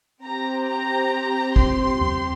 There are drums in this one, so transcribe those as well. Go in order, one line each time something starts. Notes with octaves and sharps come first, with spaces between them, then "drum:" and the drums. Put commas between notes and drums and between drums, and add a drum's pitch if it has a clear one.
C4 G4 A#5
A#5
C6, drum: kick
C4 G4, drum: tom E2